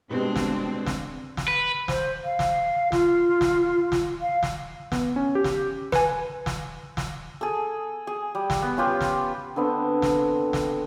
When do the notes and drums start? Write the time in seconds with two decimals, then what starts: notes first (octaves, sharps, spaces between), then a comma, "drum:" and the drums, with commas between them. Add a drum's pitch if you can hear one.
0.11 B2 G3 G#3 C4 D4
0.36 drum: snare
0.86 drum: snare
1.37 drum: snare
1.48 B4
1.88 C5, drum: snare
2.24 F5
2.39 drum: snare
2.92 F4, drum: snare
3.41 drum: snare
3.92 drum: snare
4.21 F5
4.43 drum: snare
4.92 B3, drum: snare
5.16 C#4
5.35 G4
5.44 drum: snare
5.92 B4 G#5, drum: snare
6.46 drum: snare
6.97 drum: snare
7.41 G#4 A4
8.07 G#4
8.35 G3
8.50 drum: snare
8.62 B3
8.77 C#4 F4 G4 B4
9.01 drum: snare
9.56 D3 B3 C4
10.02 drum: snare
10.53 drum: snare